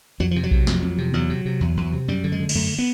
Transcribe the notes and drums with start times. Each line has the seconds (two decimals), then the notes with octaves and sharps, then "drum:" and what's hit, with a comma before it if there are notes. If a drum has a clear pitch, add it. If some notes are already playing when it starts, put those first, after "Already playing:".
0.20 F2 F#3
0.31 C3 F3
0.43 F#3
0.51 C3, drum: kick A#1
0.67 F2, drum: snare
0.82 F2
0.98 C3
1.13 E2 F#3
1.29 C3
1.45 C3
1.61 E2
1.77 E2
1.93 C3
2.08 F#2 G3
2.24 D3
2.32 G#3
2.40 D3
2.49 G#3, drum: cymbal
2.55 F#2 A3
2.78 B3